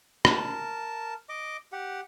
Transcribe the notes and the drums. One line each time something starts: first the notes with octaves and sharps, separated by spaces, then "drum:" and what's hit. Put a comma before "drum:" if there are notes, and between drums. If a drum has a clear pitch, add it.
A#4 A5, drum: rim click
D#5 D6
G4 F#5